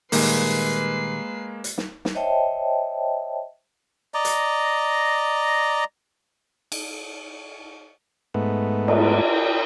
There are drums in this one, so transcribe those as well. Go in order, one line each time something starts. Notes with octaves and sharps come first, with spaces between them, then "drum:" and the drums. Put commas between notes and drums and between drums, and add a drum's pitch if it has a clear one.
A#2 D#3 G3 G#3 A#3 B4 C7, drum: open hi-hat
drum: hi-hat
drum: snare
drum: snare
C5 C#5 D#5 E5 G5 A5
D5 D#5 A#5
drum: hi-hat
drum: cymbal
G#2 A3 B3
drum: cymbal
G5